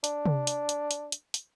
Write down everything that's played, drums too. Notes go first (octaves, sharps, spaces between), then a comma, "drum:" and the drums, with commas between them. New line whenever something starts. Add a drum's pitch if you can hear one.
D4, drum: hi-hat
drum: tom
drum: hi-hat
drum: hi-hat
drum: hi-hat
drum: hi-hat
drum: hi-hat